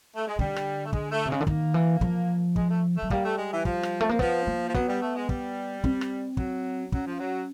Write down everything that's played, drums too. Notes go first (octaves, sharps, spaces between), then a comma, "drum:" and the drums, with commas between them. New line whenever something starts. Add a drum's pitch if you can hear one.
A3
G#3
D3 G3, drum: kick
drum: rim click
A3
G#3, drum: kick
A3
C3
C#3 G#3
D3
D#3 A#3, drum: kick
E3
F3, drum: kick
G#3, drum: kick
A3
A3
F#3
G3 A#3, drum: kick
A3
G#3
E3
F3, drum: kick
drum: rim click
A3
A#3
F3 B3, drum: kick
A#3
F3
F#3 B3, drum: kick
G3
A3
G#3
G3, drum: kick
C4, drum: kick
drum: rim click
F#3, drum: kick
F#3 C#4, drum: kick
F3
F#3